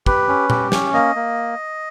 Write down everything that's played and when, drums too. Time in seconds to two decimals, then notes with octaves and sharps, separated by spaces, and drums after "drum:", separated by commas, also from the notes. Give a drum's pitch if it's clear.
0.06 G4 B4, drum: kick
0.28 C#4
0.50 G4, drum: tom A#2
0.72 C#4, drum: snare
0.93 A#3 D#5
1.15 A#3